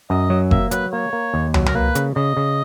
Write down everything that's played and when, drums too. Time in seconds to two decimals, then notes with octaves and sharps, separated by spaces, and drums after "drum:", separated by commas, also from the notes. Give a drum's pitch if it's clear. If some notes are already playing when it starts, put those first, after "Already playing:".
0.10 F#2 D#5
0.30 F#3
0.51 A#3 E5, drum: kick F#1
0.71 F#3 B4, drum: hi-hat
0.93 A#3 C#5
1.13 A#3
1.34 D#2
1.54 F#3, drum: tom
1.66 A#4, drum: tom
1.75 A#3 B4
1.95 C#3, drum: hi-hat
2.16 C#3 D#5
2.37 C#3